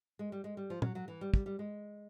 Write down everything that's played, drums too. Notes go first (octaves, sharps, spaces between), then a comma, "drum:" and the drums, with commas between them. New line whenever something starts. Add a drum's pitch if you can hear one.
G#3
G3
G#3
G3
F3
F#3, drum: tom
F#3
E3
G3
G3, drum: kick
G3
G#3